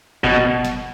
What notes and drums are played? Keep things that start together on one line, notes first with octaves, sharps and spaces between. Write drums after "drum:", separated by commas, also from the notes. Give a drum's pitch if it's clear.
B2, drum: kick F#1
drum: snare